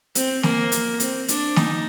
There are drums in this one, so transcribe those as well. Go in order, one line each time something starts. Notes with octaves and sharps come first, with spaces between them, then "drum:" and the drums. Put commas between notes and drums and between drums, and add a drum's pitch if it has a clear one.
C4, drum: hi-hat
A#3, drum: snare
drum: hi-hat
C4, drum: hi-hat
D4, drum: hi-hat
D#4, drum: snare